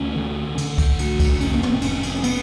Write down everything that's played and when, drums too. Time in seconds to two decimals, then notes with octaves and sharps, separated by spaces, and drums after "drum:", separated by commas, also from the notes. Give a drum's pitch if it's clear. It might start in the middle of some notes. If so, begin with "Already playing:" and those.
Already playing: D2 C#4
0.16 D3
0.58 D3, drum: cymbal
0.78 drum: kick, cymbal
0.99 D2, drum: cymbal
1.20 drum: kick, cymbal
1.41 F1 C#4, drum: cymbal
1.54 A#3
1.63 B3, drum: tom
1.73 C4
1.81 F1 C#4, drum: cymbal
2.03 drum: cymbal
2.23 B3, drum: cymbal